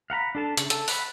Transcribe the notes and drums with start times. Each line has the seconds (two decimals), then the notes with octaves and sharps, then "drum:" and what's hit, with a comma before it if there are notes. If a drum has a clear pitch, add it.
0.10 F5 F#5 A#5 B5
0.35 D4 A4 A5
0.57 C#3, drum: hi-hat
0.70 A4, drum: hi-hat
0.88 F#5 B5, drum: open hi-hat